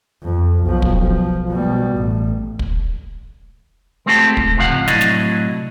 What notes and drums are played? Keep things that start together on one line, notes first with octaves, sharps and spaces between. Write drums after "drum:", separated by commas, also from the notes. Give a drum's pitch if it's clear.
F2
B1 F3
drum: kick
F3
B2 G3
A1
drum: kick
G#3 A3 C4 F4 G4 A4
drum: kick
C#2 G#2 C3 F3 F5 F#5
A2 C3 F#3 D4 E4 D#5, drum: snare
drum: snare